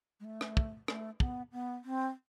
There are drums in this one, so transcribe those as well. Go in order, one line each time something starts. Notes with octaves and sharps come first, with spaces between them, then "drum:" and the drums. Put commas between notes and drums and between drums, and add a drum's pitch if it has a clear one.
G#3
A3
drum: rim click
drum: kick
A3, drum: rim click
B3, drum: kick
B3
C4